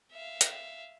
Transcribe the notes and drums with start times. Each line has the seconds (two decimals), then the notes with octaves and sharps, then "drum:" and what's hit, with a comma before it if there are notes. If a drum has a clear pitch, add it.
0.11 E5 F5
0.41 drum: hi-hat